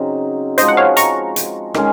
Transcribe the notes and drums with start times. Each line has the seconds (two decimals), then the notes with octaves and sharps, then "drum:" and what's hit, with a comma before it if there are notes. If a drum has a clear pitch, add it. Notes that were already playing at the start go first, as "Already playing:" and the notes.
Already playing: C#3 F#3 C4 D#4
0.58 F3 G#3 D#4 C5 D#5, drum: hi-hat
0.68 F#5
0.77 C#5 F5
0.97 A#5 C#6, drum: hi-hat
1.36 drum: hi-hat
1.74 D#3 G#3 C#4, drum: rim click